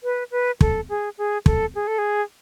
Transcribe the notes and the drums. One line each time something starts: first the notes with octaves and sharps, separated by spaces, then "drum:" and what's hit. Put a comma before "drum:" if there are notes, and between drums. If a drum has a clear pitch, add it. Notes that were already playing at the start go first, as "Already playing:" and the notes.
B4
B4
A4, drum: kick
G#4
G#4
A4, drum: kick
G#4
A4
G#4